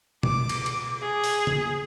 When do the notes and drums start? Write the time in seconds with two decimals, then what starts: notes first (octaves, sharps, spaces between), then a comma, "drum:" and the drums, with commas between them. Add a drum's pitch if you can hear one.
0.23 D6, drum: tom B2
0.49 drum: cymbal
0.66 drum: cymbal
1.02 G#4
1.24 drum: open hi-hat
1.47 drum: tom C#3